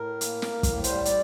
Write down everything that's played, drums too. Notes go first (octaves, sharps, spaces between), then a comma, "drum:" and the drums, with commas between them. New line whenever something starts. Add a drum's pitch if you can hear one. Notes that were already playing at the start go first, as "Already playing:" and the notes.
Already playing: A2 A#4
A#3, drum: hi-hat
drum: snare
A2
drum: kick, hi-hat
G3 C5, drum: hi-hat
D5, drum: hi-hat